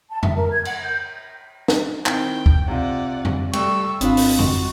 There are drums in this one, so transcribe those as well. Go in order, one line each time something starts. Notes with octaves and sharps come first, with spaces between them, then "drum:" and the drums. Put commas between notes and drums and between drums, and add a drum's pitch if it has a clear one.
A5
E5, drum: tom F2
A#4
G#6
F#5, drum: cymbal
G6
drum: snare
D#3 C4 E4 G5, drum: clap
drum: kick
C3 F4 D5 F#5
drum: tom F2
G3 A3 G5 C#6 E6, drum: cymbal
G#1 C4 D4 F4 F5 B5 C6 D#6, drum: hi-hat
drum: open hi-hat
F#4 C6, drum: tom F2